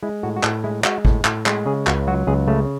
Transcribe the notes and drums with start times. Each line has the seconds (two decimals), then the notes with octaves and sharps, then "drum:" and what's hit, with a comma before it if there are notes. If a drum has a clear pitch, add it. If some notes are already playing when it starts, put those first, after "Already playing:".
0.03 G#3 E4
0.23 A2 F#4
0.36 F#4
0.43 A2 G#4, drum: clap
0.64 G#3 E4
0.84 G#3 F#4, drum: clap
1.05 A2, drum: kick G#1
1.25 A2, drum: clap
1.46 G#3, drum: clap
1.66 C#3 G#4
1.87 C#2 F#4, drum: clap
2.07 F#3 F#4
2.27 C#2 G#4
2.48 C#3 A3